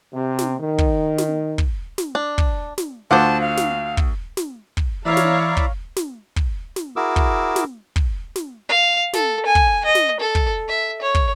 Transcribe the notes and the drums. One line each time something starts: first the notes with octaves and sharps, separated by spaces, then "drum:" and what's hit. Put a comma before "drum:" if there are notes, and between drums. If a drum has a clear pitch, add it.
C3
drum: snare
D#3
drum: kick
drum: snare
drum: kick
drum: snare
D4
drum: kick
drum: snare
D2 F4 C5 F#5 A5 D6
F5
drum: snare
drum: kick
drum: snare
drum: kick
E3 E4 C#5 D5 E5 F5 A#5
drum: snare
drum: kick
drum: snare
drum: kick
drum: snare
E4 F#4 G#4 A#4 D6 E6
drum: kick
drum: snare
drum: kick
drum: snare
F5
A4, drum: snare
G#5
drum: kick
D#5
drum: snare
A4
drum: kick
E5
C#5
drum: kick